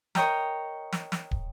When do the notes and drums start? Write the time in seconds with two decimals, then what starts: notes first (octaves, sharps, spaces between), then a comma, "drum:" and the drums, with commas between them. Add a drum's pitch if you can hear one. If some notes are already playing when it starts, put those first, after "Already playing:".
0.15 A#4 C#5 D#5 G5 A#5, drum: snare
0.93 drum: snare
1.12 drum: snare
1.31 drum: kick